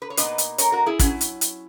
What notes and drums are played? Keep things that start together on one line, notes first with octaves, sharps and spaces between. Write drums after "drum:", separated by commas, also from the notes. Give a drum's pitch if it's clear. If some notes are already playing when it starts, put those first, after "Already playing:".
B4
C#5
B2 A#3 D#4 B4 D#5, drum: hi-hat
drum: hi-hat
A#4 C#5, drum: hi-hat
F#4 A#4
E4 G#4
F#3 C#4 E4 G#4 B4, drum: kick, hi-hat
drum: hi-hat
drum: hi-hat